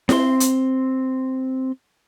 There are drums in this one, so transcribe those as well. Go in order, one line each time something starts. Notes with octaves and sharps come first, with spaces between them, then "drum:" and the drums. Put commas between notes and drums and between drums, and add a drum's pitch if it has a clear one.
C4 C6, drum: snare E4
drum: hi-hat